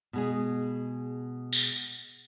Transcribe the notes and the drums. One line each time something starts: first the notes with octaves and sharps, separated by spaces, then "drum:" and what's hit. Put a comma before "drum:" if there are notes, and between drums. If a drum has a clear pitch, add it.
B2 G#3 G#4
drum: tambourine